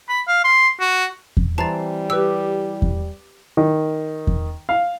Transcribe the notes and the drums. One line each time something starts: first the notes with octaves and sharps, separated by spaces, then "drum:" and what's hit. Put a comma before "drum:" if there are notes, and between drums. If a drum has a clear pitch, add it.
B5
F5
C6
F#4
drum: kick E2
E3 G3 C4 A5 A#5 A6
G4 B4 E6
drum: kick E2
D#3
drum: kick E2
F5